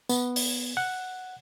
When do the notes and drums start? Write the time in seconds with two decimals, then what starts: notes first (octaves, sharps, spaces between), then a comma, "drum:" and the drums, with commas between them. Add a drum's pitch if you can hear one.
0.09 B3, drum: tambourine
0.36 drum: open hi-hat
0.77 F#5